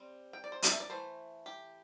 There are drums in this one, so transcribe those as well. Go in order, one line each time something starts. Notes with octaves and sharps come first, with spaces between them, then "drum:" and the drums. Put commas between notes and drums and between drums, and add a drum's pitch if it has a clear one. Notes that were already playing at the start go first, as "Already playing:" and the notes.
Already playing: G3 C4
G5
D5
C5
D5, drum: hi-hat
E5
D5
E3 A3 C5
G4